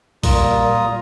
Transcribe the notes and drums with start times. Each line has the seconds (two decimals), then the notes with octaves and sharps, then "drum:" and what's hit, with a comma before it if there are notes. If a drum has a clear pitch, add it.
0.24 A#2 G3 F4 A#4 D5 A#5 D#6, drum: kick, open hi-hat